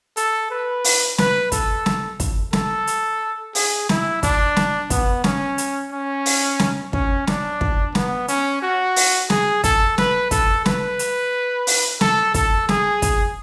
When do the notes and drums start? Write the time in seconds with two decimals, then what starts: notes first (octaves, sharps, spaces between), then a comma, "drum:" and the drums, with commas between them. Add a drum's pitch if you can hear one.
0.17 A4, drum: hi-hat
0.51 B4
0.84 drum: open hi-hat
1.18 B4, drum: snare
1.52 A4, drum: kick, hi-hat
1.86 drum: snare
2.20 drum: kick, hi-hat
2.53 A4, drum: snare
2.87 drum: hi-hat
3.55 G#4, drum: open hi-hat
3.89 E4, drum: snare
4.23 D4, drum: kick, hi-hat
4.56 drum: snare
4.90 B3, drum: kick, hi-hat
5.24 C#4, drum: snare
5.58 drum: hi-hat
5.92 C#4
6.26 drum: open hi-hat
6.59 drum: snare
6.93 C#4, drum: kick
7.27 D4, drum: snare
7.61 drum: kick
7.95 B3, drum: snare
8.28 C#4, drum: hi-hat
8.62 F#4
8.96 drum: open hi-hat
9.30 G#4, drum: snare
9.64 A4, drum: kick, hi-hat
9.98 B4, drum: snare
10.31 A4, drum: kick, hi-hat
10.66 B4, drum: snare
10.99 drum: hi-hat
11.67 drum: open hi-hat
12.01 A4, drum: snare
12.34 A4, drum: kick, hi-hat
12.69 G#4, drum: snare
13.02 drum: kick, hi-hat